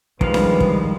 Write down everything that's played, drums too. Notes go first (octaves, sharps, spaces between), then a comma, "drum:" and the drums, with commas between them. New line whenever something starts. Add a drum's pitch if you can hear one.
D3 D#3 F3 G3 G#3 B4 F5, drum: kick
drum: snare C#4
drum: kick